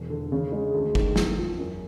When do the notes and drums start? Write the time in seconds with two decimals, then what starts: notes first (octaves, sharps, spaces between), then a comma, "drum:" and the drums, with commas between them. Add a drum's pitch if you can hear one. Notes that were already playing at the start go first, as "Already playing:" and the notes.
Already playing: E1
0.10 D3
0.32 C#3
0.52 G#3
0.74 D2
0.95 D#3, drum: kick
1.16 E2, drum: snare
1.37 F3
1.58 F#2